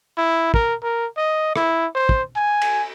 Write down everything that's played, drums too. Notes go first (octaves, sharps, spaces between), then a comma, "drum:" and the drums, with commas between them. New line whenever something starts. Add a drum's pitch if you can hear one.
E4
A#4, drum: kick
A#4
D#5
E4, drum: rim click
C5
drum: kick
G#5
drum: cymbal